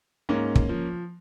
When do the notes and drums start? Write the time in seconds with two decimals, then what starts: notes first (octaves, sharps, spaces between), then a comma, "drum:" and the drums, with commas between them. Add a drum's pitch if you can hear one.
0.29 G#2 A#3 C#4
0.55 drum: kick
0.69 F3